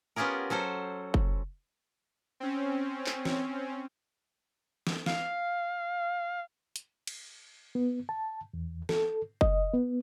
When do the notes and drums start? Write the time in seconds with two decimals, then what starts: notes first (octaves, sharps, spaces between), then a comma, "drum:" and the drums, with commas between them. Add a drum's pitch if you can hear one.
0.16 B3 C#4 F4 G4 G#4 A#4
0.50 F#3 C#4 A4 C5
1.14 drum: kick F#1
2.40 C4 C#4
3.06 drum: clap
3.25 drum: snare
4.87 drum: snare
5.06 F5, drum: snare
6.76 drum: hi-hat
7.07 drum: cymbal
7.75 B3
8.09 A5
8.54 E2
8.89 A4, drum: snare
9.41 D#5, drum: kick F#1
9.73 B3